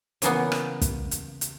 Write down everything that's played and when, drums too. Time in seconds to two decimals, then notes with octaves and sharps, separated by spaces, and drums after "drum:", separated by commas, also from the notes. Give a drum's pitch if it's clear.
0.22 C#3 E3 A#3 B3, drum: hi-hat
0.52 drum: rim click
0.81 drum: kick, hi-hat
1.11 drum: hi-hat
1.41 drum: hi-hat